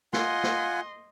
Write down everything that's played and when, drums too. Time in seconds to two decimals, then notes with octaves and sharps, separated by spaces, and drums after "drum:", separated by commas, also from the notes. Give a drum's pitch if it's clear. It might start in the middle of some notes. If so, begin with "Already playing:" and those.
0.13 F4 D#5 F#5 G#5 C6, drum: snare
0.43 drum: snare